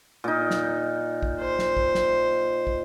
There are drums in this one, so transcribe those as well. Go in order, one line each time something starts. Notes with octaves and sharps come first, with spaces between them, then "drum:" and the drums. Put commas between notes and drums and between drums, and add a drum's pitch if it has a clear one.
A#2 D#4
drum: snare
drum: kick
C5
drum: snare
drum: kick
drum: snare
drum: kick